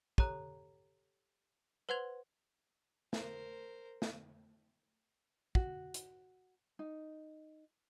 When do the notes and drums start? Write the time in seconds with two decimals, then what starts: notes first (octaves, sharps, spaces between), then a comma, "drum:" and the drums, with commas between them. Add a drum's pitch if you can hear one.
0.18 G4 A4 C#5 A#5 F#6, drum: kick
1.89 B4 C5 F#5 C6 G#6 F7
3.13 A#4 C5, drum: snare
4.02 drum: snare
5.55 F#4, drum: kick
5.94 drum: hi-hat
6.79 D#4